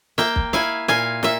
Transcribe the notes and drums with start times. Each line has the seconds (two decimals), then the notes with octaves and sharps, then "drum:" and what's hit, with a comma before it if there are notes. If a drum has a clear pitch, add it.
0.18 A#3 E5 G5, drum: snare
0.36 drum: kick
0.53 E4 F5 G#5, drum: snare
0.88 A#2 F5 G#5, drum: snare
1.23 A#2 E5, drum: snare